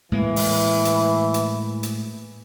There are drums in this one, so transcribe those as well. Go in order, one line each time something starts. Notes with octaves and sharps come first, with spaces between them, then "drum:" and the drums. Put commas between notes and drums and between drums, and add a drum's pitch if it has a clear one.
A2 E3 G#3 A#3
drum: open hi-hat
drum: hi-hat
drum: hi-hat
drum: hi-hat